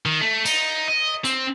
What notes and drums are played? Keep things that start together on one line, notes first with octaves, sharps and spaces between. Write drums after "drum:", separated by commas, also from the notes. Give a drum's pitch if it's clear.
D#3
A3
D#4, drum: cymbal
D#5
C4, drum: hi-hat